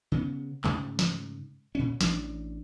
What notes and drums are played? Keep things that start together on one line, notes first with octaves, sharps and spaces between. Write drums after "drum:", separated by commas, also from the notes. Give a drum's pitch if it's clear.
C#3 B3
G#2 C#3 A3, drum: clap
drum: snare
A#2 C#4
A1 D4, drum: snare